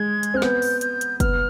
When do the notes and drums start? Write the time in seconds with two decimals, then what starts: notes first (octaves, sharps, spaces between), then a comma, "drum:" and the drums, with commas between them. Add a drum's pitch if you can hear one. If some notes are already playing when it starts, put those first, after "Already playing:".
Already playing: G#3 G#6
0.23 drum: hi-hat
0.34 C4 F6
0.42 B3 G6, drum: snare
0.62 drum: open hi-hat
0.81 G6, drum: hi-hat
1.01 drum: hi-hat
1.20 B3 F6, drum: kick, hi-hat